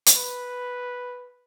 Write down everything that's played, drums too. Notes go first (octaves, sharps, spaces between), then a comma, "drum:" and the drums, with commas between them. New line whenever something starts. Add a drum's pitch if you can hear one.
drum: hi-hat
B4